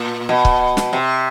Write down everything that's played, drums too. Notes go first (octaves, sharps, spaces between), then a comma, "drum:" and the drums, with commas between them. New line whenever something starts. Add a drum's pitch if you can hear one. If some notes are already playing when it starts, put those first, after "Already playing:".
Already playing: A#2
B2
drum: kick
drum: snare
C3